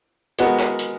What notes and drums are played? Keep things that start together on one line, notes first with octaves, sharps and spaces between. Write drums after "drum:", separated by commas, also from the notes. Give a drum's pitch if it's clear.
G#3 B3 F#4 A#4, drum: hi-hat
drum: clap
drum: hi-hat